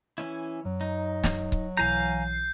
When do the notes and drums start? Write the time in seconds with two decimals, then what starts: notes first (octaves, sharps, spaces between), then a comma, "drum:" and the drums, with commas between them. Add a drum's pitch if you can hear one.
0.18 E3 C#4 E4
0.65 F#2 F#3
0.81 D#4
1.24 drum: snare
1.52 drum: kick C#1
1.77 B1 E3 F5 G#5 A#5 G6 C7